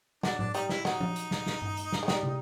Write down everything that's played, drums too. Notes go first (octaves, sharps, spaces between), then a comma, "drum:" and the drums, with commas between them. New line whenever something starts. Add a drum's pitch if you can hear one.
F#3 D4, drum: snare
D4, drum: tom A2
G3 D#4, drum: hi-hat
E4, drum: snare
F#3 D#4, drum: snare
drum: tom F3
drum: hi-hat
drum: snare
drum: snare
drum: tom G2
drum: hi-hat
drum: snare
G#3
G3, drum: snare
drum: tom